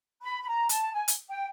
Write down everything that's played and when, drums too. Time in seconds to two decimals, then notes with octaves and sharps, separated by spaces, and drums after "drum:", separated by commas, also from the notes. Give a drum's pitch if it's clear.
0.23 B5
0.42 B5
0.47 A#5
0.69 A5, drum: hi-hat
0.93 G#5
1.08 drum: hi-hat
1.29 G5